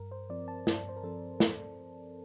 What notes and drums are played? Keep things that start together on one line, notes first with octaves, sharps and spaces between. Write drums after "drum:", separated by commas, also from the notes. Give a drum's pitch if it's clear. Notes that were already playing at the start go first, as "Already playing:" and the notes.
Already playing: G2 A#4
C5
F3 C4 D5
A5
G2 C5, drum: snare
C5
A#4
F3 C4 A4
drum: snare